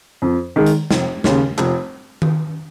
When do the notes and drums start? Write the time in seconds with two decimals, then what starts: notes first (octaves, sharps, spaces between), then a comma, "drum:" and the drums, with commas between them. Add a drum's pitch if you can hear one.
0.22 F2
0.56 D#3 G#3
0.66 drum: hi-hat
0.91 F1, drum: snare
1.24 D#2 C#3, drum: snare
1.58 F1, drum: clap
2.22 drum: tom D#3